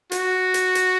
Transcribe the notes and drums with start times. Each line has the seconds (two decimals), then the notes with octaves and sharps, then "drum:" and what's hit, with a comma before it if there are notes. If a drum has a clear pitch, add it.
0.12 F#4, drum: hi-hat
0.54 drum: hi-hat
0.75 drum: hi-hat